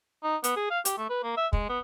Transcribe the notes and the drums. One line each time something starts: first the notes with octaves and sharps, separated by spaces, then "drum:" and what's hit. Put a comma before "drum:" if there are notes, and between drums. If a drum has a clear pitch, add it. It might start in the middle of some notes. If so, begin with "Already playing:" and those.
D#4
B3, drum: hi-hat
G#4
F5
G4, drum: hi-hat
A3
B4
A#3
E5
G#3, drum: kick
B3